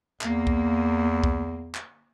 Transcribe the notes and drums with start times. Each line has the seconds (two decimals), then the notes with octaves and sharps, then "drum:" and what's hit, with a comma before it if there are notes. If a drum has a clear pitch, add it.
0.21 E2 A#3, drum: clap
0.47 drum: kick C2
1.24 drum: kick C2
1.75 drum: clap